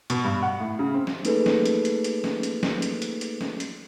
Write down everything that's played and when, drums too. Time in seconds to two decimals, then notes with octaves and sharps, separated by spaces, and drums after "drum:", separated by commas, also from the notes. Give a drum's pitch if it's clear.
0.10 B2, drum: hi-hat
0.24 G2
0.43 F#5
0.60 A2
0.79 C#3
0.94 C4
1.07 drum: snare
1.25 A3 A#3 D#4 G#4 A4 B4, drum: hi-hat
1.46 drum: snare
1.65 drum: hi-hat
1.85 drum: hi-hat
2.04 drum: hi-hat
2.24 drum: snare
2.43 drum: hi-hat
2.63 drum: snare
2.82 drum: hi-hat
3.02 drum: hi-hat
3.21 drum: hi-hat
3.41 drum: snare
3.60 drum: hi-hat